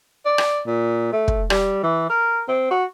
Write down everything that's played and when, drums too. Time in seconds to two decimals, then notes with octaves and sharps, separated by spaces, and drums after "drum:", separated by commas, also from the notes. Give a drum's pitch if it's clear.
0.26 D5
0.38 drum: rim click
0.66 A#2
1.12 A3
1.28 drum: kick
1.50 G3, drum: rim click
1.83 E3
2.09 A#4
2.48 C4
2.70 F#4